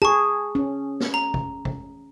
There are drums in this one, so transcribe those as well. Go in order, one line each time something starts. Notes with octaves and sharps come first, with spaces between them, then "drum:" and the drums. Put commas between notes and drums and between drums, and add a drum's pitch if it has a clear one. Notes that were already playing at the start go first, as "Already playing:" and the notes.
G#4 A5 C#6
C#4
drum: snare
A#5
drum: kick G#1
drum: kick G#1